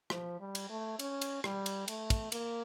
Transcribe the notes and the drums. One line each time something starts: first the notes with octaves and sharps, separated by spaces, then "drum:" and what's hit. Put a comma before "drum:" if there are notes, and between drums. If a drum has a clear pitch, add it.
F3, drum: rim click
G3
drum: cymbal
A3
C#4, drum: cymbal
drum: cymbal
G3, drum: rim click
drum: cymbal
A3, drum: cymbal
drum: kick, cymbal
A#3, drum: cymbal